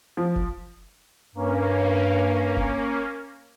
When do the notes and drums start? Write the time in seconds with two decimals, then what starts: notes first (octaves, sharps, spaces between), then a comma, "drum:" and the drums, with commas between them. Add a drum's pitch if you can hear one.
0.17 F3
0.36 drum: kick F1
1.35 G2 A#3 C#4
2.57 drum: kick F1